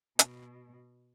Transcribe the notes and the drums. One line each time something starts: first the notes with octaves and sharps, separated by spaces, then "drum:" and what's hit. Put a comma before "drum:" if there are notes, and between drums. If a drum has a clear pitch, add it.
B2, drum: hi-hat